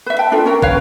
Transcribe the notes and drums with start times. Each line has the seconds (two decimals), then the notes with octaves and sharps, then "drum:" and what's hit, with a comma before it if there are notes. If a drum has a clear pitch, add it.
0.06 B4 E5
0.19 E5 G5 A5
0.31 D4 F4 A4
0.45 C#4 A#4
0.62 B4 C#5 F5, drum: kick